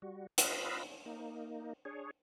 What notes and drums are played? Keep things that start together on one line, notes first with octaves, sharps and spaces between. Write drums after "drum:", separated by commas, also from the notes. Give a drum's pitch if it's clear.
G3 F#4
F4 B4 D#5 F5 B5 E6, drum: hi-hat
A#3 D#4
D4 G#4 C#5